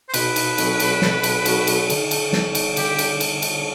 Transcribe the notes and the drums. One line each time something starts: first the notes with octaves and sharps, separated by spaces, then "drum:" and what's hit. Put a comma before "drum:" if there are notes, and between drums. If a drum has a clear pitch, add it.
C5
B2 B4, drum: cymbal
drum: cymbal
F#3 C4 F#4 A4, drum: cymbal
drum: cymbal
B2, drum: snare
drum: cymbal
F#3 C4 F#4 A4, drum: cymbal
drum: cymbal
D3, drum: cymbal
drum: cymbal
G3 B3, drum: snare
drum: cymbal
D3 G4, drum: cymbal
drum: cymbal
drum: cymbal
drum: cymbal